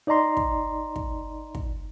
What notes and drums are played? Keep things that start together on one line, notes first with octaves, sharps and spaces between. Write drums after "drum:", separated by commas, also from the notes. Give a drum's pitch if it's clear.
D#4 D5 D#5 A#5 C6
drum: kick
drum: kick
drum: kick